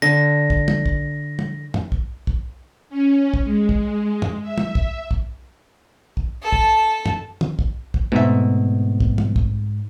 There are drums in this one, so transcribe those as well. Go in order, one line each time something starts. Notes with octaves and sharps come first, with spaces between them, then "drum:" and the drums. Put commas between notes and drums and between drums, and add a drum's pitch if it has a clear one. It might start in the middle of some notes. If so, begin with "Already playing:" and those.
D3 A#6
drum: kick
drum: tom
drum: kick
drum: tom
drum: tom
drum: kick
drum: kick
C#4
drum: kick
G#3
drum: kick
drum: tom
E5
drum: tom
drum: kick
drum: kick
drum: kick
A4 A5
drum: kick
drum: tom
drum: tom
drum: kick
drum: kick
G#2 B2 A3 C4 E5
drum: kick
drum: tom
drum: kick